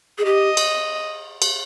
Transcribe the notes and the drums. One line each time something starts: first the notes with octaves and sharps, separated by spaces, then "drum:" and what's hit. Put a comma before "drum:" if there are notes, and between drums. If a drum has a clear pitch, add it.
G#4
G4 D#5
drum: cymbal
drum: cymbal